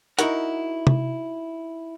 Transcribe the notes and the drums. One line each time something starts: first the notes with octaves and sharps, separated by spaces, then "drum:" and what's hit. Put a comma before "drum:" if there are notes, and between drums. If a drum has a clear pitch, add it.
D#4 E4 F#4 A#4 F#5, drum: hi-hat
drum: tom C3